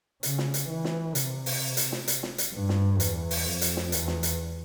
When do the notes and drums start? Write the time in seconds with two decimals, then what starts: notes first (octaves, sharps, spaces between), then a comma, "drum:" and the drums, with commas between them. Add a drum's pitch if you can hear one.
0.23 C#3, drum: hi-hat
0.38 drum: snare
0.54 drum: hi-hat
0.69 E3
0.85 drum: snare
1.15 C3, drum: hi-hat
1.46 drum: open hi-hat
1.77 drum: hi-hat
1.92 drum: snare
2.08 drum: hi-hat
2.23 drum: snare
2.38 drum: hi-hat
2.54 G2
2.69 drum: snare
3.00 E2, drum: hi-hat
3.31 drum: open hi-hat
3.46 F2
3.61 drum: hi-hat
3.77 drum: snare
3.92 E2, drum: hi-hat
4.08 drum: snare
4.23 drum: hi-hat